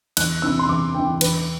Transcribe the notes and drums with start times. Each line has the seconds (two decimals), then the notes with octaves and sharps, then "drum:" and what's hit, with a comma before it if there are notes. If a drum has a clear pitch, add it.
0.17 E2 F#6, drum: cymbal
0.42 C3 E3 E6
0.59 C6
0.69 E2 D6
0.95 C3 E3 G5
1.21 E2 B4, drum: cymbal